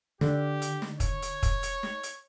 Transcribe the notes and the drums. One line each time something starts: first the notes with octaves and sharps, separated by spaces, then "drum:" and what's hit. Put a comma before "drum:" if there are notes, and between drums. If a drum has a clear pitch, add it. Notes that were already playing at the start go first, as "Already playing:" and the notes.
D3 G4, drum: snare
drum: hi-hat
drum: snare
C#5, drum: kick, hi-hat
drum: hi-hat
drum: kick, hi-hat
drum: hi-hat
drum: snare
drum: hi-hat